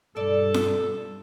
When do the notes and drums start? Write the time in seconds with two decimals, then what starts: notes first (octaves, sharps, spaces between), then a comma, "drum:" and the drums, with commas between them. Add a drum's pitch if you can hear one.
0.16 G2 B2 G3 A4 D5
0.54 drum: snare F4